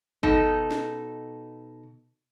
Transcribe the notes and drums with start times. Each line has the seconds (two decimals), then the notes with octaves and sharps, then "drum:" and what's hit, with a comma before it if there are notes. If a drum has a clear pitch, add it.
0.23 B2 D#4 A4, drum: kick F#1
0.71 drum: snare